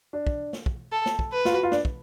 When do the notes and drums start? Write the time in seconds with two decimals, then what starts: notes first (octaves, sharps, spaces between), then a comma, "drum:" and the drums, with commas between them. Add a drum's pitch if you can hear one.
0.13 D4
0.27 drum: kick
0.53 drum: snare
0.66 drum: kick
0.92 A4
1.06 drum: snare
1.19 drum: kick
1.32 B4
1.45 F4, drum: snare
1.52 F#4
1.63 F4
1.72 D4, drum: snare
1.85 drum: kick